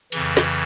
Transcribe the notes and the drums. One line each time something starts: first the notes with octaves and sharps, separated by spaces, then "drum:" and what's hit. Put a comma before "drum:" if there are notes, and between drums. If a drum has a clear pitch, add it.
F2 C#3 E3, drum: cymbal
drum: snare